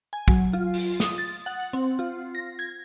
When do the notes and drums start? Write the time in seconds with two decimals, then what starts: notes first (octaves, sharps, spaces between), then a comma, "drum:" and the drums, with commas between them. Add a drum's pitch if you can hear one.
0.13 G#5
0.28 F#3, drum: kick
0.53 F4
0.74 drum: open hi-hat
1.00 D#6, drum: snare
1.18 A6
1.46 F#5
1.73 C4
1.99 F4
2.35 A#6
2.59 G#6